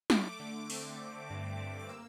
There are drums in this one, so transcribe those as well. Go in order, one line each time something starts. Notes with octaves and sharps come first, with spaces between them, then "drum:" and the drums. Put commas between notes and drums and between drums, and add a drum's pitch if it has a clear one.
A3 D6, drum: snare
D3
C4, drum: open hi-hat
D3
G2
A3
D6
A#3 E6